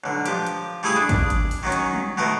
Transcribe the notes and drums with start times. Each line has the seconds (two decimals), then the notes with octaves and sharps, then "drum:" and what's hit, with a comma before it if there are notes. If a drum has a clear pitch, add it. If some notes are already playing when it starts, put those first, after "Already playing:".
0.04 B1 D3
0.26 F3 G4, drum: hi-hat
0.47 drum: hi-hat
0.83 G3 A3 E4 G#4 F5 D#6
0.96 D4
1.09 drum: kick, hi-hat
1.30 drum: hi-hat
1.51 drum: open hi-hat
1.63 D#3 F#3 C#4
1.72 drum: hi-hat
1.93 drum: tom F#3
2.17 B2 D#3 A3 A#4